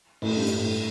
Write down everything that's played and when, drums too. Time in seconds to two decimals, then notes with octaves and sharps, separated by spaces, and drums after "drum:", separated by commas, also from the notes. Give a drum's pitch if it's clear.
0.22 A2, drum: cymbal
0.36 G2
0.47 drum: hi-hat
0.58 A2